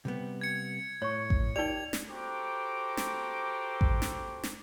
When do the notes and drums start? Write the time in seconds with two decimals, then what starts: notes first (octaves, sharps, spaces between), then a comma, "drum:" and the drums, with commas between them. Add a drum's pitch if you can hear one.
0.05 C3 G3 B3
0.41 G#6 C#7
1.02 A2 C#5 C#6
1.30 drum: kick A1
1.56 D#4 G4 A#4 D5 G5 F7
1.93 drum: snare
2.08 F#4 G4 A4 C5 A#5 D6
2.97 drum: snare
3.81 drum: kick A1
4.02 drum: snare
4.43 drum: snare